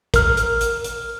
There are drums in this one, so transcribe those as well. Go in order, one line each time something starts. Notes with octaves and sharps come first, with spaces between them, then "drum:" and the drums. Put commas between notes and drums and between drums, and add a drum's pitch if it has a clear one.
A#4 F6, drum: kick, hi-hat
drum: hi-hat
drum: hi-hat
drum: hi-hat